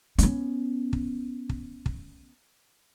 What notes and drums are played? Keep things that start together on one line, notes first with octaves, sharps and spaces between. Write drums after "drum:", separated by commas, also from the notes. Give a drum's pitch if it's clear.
B3 C#4, drum: hi-hat
drum: kick
drum: kick
drum: kick